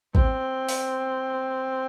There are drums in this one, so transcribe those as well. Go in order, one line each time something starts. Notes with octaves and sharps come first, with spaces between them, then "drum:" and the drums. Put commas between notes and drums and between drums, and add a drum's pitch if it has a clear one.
C4, drum: kick A1
drum: open hi-hat